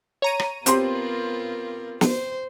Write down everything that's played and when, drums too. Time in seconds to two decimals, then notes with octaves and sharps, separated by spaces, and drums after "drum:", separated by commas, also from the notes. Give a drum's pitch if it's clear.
0.22 C#5 A#5 D#7
0.40 drum: rim click
0.66 B3 C4 F4 G4 A#4 C6, drum: hi-hat
2.01 C5, drum: snare